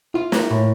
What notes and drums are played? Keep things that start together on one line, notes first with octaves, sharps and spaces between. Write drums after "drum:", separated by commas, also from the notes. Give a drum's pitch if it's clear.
E4 F4
A#3, drum: snare
A2